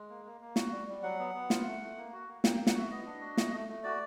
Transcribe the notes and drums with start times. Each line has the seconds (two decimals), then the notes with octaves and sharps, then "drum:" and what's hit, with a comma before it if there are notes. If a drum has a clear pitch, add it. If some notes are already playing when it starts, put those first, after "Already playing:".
Already playing: G#3
0.09 A#3
0.25 A#3
0.41 A#3
0.56 F#4, drum: snare
0.72 G3
0.88 G3
1.03 F#3 F#5
1.19 B3
1.34 B3
1.50 F4, drum: snare
1.65 A3
1.81 A3
1.97 A#3
2.13 F#4
2.28 A#3
2.44 A#3 G5, drum: snare
2.55 G5
2.59 A#3
2.67 F#5, drum: snare
2.74 F#4 E5
2.90 B3 D#5
3.06 D4
3.21 F#4
3.37 A3, drum: snare
3.53 A3
3.69 A3
3.84 F#4 D5